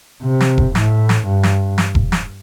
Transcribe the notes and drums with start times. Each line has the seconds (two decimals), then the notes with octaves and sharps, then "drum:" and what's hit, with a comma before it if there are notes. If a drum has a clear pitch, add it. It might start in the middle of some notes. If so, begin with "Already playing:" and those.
0.23 C3
0.41 drum: snare
0.58 drum: kick E1
0.75 A2, drum: snare
1.09 drum: snare
1.27 G2
1.43 drum: snare
1.78 drum: snare
1.95 drum: kick E1
2.12 drum: snare